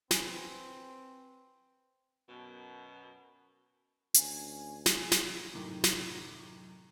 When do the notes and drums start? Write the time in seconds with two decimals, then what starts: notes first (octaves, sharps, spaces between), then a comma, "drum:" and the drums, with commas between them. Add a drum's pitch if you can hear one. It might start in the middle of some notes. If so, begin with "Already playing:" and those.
0.11 C4 B4 G#5, drum: snare
2.29 F#2 B2
4.14 D2 C#4 G#5, drum: hi-hat
4.86 G#4, drum: snare
5.12 drum: snare
5.53 F#2 A2 C3 D#3
5.84 drum: snare